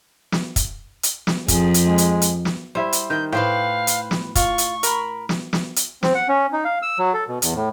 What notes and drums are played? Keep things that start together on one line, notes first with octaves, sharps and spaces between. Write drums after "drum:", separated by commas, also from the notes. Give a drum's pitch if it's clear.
drum: snare
drum: kick, hi-hat
drum: hi-hat
drum: snare
F2 G#4, drum: kick, hi-hat
drum: hi-hat
G#3
drum: hi-hat
drum: hi-hat
drum: snare
G3 E4 C5
drum: hi-hat
D#3 G6
A2 B4 C5 F5 G5
drum: hi-hat
drum: snare
F4 C#6, drum: kick, hi-hat
drum: hi-hat
A#4 B5, drum: hi-hat
drum: snare
drum: snare
drum: hi-hat
C4, drum: snare
F#5
C#4
D#4
F5
E6
F#3
A4
B2
E2, drum: hi-hat
A2